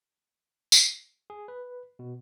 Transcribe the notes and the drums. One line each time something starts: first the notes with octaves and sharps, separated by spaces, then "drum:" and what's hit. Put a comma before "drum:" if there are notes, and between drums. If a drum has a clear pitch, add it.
drum: tambourine
G#4
B4
B2